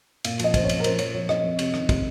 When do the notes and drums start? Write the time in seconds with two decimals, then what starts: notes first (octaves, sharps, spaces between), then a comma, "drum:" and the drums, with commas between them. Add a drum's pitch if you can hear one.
0.24 A#2 F5, drum: cymbal
0.39 F3 D#5, drum: cymbal
0.54 F3 C5, drum: kick, cymbal
0.64 C#5
0.69 A#2, drum: cymbal
0.80 A#4
0.84 F3 C5, drum: cymbal
0.99 F3 C#5, drum: cymbal
1.14 F3 C#5
1.29 F3 D#5, drum: rim click
1.44 F2
1.59 C3, drum: cymbal
1.74 D#3, drum: rim click
1.89 C3, drum: kick, cymbal